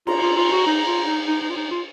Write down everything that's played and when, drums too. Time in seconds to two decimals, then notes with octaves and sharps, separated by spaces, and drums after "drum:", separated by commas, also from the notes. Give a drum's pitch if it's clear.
0.07 F4 A#5, drum: cymbal
0.22 F4
0.37 F4
0.52 F#4
0.67 D#4
0.87 F4
1.07 D#4
1.27 D#4
1.42 D#4
1.50 F4
1.56 D#4
1.71 F4